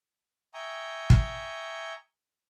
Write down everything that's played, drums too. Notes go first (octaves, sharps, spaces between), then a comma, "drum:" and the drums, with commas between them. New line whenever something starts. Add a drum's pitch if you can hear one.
E5 G5 G#5 A#5 C#6 D#6
drum: kick